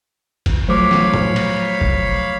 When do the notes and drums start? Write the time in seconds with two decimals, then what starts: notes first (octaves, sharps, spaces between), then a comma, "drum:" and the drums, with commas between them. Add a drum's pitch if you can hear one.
0.46 drum: kick, cymbal
0.69 F3 F#3 A3 C5 C#5 F5 B5 D6
0.91 drum: snare
1.14 drum: tom
1.36 drum: cymbal
1.81 drum: kick